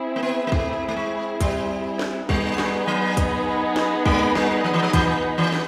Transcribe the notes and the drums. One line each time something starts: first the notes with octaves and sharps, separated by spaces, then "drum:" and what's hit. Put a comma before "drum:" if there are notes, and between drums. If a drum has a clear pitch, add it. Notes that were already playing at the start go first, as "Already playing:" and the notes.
Already playing: C4 E4 G#4
A#3
B3
A#3
A3, drum: kick
A3
G#3
G3, drum: kick, hi-hat
drum: snare
G3 B3 D#4 G#4 B4 D#5, drum: kick
G3, drum: snare
F#3
drum: kick, hi-hat
drum: snare
G#3, drum: kick
G3, drum: snare
F3
E3
F3
E3, drum: kick, hi-hat
E3
drum: snare